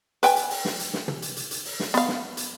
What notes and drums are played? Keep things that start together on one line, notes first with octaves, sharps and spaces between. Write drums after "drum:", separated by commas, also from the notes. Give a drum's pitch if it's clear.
B4 G5 G#5, drum: hi-hat
drum: hi-hat
drum: open hi-hat
drum: snare
drum: hi-hat
drum: snare
drum: tom
drum: hi-hat
drum: hi-hat
drum: hi-hat
drum: open hi-hat
drum: snare
B3 F5, drum: hi-hat
drum: snare
drum: hi-hat